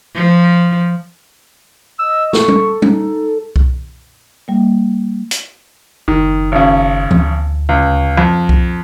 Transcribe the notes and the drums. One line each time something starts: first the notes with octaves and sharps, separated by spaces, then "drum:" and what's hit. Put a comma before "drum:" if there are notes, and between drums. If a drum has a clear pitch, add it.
F3
D#5 E6
A4 C#6, drum: snare
drum: tom G3
D#4, drum: tom G3
drum: kick B1
G3 A#3
drum: hi-hat
F#1 D#3
G#1 C#3
D2, drum: tom E3
C#2
F2
drum: kick B1